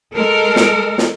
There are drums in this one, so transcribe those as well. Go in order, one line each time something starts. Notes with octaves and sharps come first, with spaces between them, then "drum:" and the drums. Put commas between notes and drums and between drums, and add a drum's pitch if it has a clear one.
G#3 A4 A#4
drum: snare
drum: snare